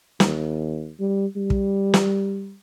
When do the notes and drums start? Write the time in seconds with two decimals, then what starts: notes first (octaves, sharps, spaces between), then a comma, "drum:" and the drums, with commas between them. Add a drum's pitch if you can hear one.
0.20 D#2, drum: snare
1.00 G3
1.36 G3
1.50 drum: kick
1.94 drum: snare